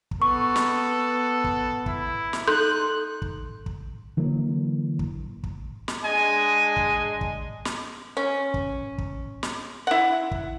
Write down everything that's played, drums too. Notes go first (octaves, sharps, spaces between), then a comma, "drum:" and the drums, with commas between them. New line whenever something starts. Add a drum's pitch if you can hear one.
drum: kick
B3 A4 C#6
drum: snare
drum: kick
E4, drum: kick
drum: snare
D#4 A4 C6 F#6 G6
drum: kick
drum: kick
D3 E3 F#3 A#3
drum: kick
drum: kick
drum: snare
G#3 D4 D#5 G#5
drum: kick
drum: kick
drum: snare
C#4
drum: kick
drum: kick
drum: snare
E4 F#5
drum: kick